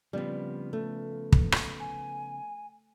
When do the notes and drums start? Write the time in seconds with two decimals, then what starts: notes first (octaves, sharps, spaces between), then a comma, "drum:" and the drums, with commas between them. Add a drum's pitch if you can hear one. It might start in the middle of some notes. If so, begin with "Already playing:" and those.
0.13 C#3 F3 G3 B3 C4
0.73 A3
1.32 drum: kick
1.52 drum: rim click
1.80 G#5